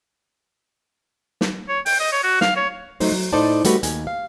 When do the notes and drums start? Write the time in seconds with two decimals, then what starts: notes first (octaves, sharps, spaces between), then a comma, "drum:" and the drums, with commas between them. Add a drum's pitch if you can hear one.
1.41 drum: snare
1.68 C#5
1.86 G5, drum: open hi-hat
2.00 D#5
2.12 C#5
2.24 F#4
2.41 F5, drum: snare
2.56 C#5
3.00 F#3 A3 D#4 C5, drum: open hi-hat
3.12 F#3
3.33 A2 D#4 A4 C5 D5 A5
3.65 G3 A3 F#4 B4, drum: hi-hat
3.83 D#2 G#5, drum: hi-hat
4.07 F5